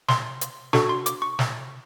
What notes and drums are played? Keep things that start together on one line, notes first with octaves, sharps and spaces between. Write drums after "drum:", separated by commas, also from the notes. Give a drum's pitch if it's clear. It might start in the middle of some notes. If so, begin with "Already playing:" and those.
C6, drum: snare
drum: hi-hat
D4 F#4 A4 C#6, drum: snare
C6
D6, drum: hi-hat
C#6
drum: snare